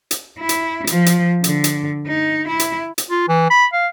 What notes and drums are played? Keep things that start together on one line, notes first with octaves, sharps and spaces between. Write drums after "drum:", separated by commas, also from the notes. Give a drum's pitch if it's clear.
drum: hi-hat
E4
drum: hi-hat
F3, drum: hi-hat
drum: hi-hat
D3, drum: hi-hat
drum: hi-hat
D#4
E4
drum: hi-hat
drum: hi-hat
F4
E3
B5
F5